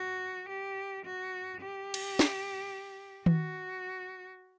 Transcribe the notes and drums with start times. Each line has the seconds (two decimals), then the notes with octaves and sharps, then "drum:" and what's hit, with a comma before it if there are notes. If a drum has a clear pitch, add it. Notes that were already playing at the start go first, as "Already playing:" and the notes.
Already playing: F#4
0.49 G4
1.05 F#4
1.60 G4
1.94 drum: cymbal
2.19 drum: snare
3.26 F#4, drum: tom D#3